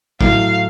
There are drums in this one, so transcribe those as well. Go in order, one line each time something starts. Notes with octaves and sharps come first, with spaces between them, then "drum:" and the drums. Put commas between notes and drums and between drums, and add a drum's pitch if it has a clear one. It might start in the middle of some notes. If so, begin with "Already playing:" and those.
A2 F#3 A3 F5, drum: kick